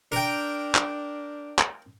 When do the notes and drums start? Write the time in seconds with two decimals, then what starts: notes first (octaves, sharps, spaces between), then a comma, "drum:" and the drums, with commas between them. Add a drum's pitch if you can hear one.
0.12 D4 A#4 G5
0.75 drum: clap
1.59 drum: clap